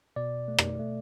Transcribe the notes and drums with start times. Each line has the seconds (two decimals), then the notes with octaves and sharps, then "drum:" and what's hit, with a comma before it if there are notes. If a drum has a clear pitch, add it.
0.16 B2 D5
0.48 A3
0.58 drum: rim click
0.79 A3